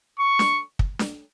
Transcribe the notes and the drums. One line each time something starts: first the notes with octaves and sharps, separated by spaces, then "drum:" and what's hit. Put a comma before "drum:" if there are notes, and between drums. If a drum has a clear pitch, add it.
C#6
drum: snare D4
drum: kick
drum: snare D4